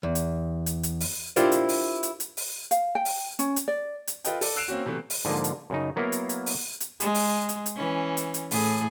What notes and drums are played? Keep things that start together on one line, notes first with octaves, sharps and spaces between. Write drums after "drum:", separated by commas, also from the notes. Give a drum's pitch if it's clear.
E2
drum: hi-hat
drum: hi-hat
drum: hi-hat
drum: open hi-hat
D4 E4 F4 G4 A#4 C5, drum: hi-hat
drum: hi-hat
drum: open hi-hat
drum: hi-hat
drum: hi-hat
drum: open hi-hat
F5, drum: hi-hat
G5
drum: open hi-hat
C#4, drum: hi-hat
drum: hi-hat
D5
drum: hi-hat
F4 A4 B4 D#5 G5, drum: hi-hat
A4 D5, drum: open hi-hat
E6 F#6 C7 D7 E7 F7
A#3 C4 C#4 F#4
C3 E3 F#3 A3 B3
drum: open hi-hat
G#2 D3 F3 G#3 A#3
drum: hi-hat
F#2 C#3 D#4
F#3 A#3 B3 E4 A#4 F5
drum: hi-hat
drum: hi-hat
drum: open hi-hat
drum: hi-hat
G#3, drum: hi-hat
drum: open hi-hat
drum: hi-hat
drum: hi-hat
E3 C#4
drum: hi-hat
drum: hi-hat
A2 A3 G#4, drum: open hi-hat